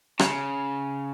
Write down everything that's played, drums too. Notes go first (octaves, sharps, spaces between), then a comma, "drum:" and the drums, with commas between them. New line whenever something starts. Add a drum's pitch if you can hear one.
C#3, drum: rim click